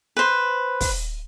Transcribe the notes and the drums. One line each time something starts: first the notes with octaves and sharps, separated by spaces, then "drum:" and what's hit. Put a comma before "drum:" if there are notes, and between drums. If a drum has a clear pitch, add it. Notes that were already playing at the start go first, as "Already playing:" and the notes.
B4 C5
drum: kick, open hi-hat